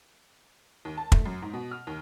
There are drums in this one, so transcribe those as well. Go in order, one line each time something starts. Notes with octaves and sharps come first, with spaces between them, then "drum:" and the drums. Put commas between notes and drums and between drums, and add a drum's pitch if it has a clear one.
D#2
A5
A3, drum: kick
F#2
G#2
B2
F6
D#2